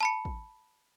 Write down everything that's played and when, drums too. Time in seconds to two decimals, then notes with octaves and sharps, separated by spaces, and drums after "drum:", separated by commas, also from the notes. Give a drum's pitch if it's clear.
0.01 A5 B5 C#7
0.25 drum: kick